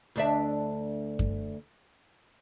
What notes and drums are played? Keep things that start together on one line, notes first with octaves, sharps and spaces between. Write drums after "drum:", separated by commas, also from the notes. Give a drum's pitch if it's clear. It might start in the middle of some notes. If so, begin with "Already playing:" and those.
D2 D4 E5
drum: kick F#2